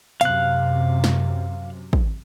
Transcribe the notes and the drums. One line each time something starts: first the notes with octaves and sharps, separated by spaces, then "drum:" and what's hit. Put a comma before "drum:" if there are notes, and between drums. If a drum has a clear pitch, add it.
F#2 C3 F5 F#6, drum: hi-hat
drum: snare
drum: kick